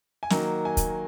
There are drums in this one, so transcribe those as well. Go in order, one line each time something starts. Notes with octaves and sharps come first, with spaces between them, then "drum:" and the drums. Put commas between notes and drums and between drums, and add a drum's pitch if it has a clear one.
G#5
D#3 F#3 A#3 A#5, drum: snare
G#5
drum: kick, hi-hat